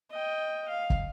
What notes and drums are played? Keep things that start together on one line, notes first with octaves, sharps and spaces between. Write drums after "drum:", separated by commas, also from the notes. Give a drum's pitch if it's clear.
D#5 G5
F5
drum: kick